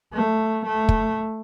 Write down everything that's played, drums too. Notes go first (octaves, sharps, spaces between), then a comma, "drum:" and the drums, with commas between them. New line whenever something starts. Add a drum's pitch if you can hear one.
A3
A3
drum: kick